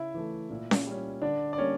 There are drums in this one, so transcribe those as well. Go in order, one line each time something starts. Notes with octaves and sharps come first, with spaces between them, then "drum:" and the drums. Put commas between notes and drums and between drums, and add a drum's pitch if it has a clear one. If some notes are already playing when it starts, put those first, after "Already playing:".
Already playing: C#3 E4 E5
E3 A3
A#2
drum: snare C#4
G3 C#4
D3 D4 D5
D5
G3 A#3 C#4 C#5